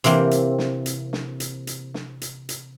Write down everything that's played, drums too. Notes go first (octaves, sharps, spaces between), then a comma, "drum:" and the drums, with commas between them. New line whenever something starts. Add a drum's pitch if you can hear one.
C3 E3 A#3 C4, drum: hi-hat
drum: hi-hat
drum: snare
drum: hi-hat
drum: snare
drum: hi-hat
drum: hi-hat
drum: snare
drum: hi-hat
drum: hi-hat